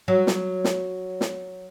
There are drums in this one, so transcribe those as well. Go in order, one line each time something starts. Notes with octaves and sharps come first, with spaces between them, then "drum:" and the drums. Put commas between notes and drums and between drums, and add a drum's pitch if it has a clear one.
F#3
drum: snare
drum: snare
drum: snare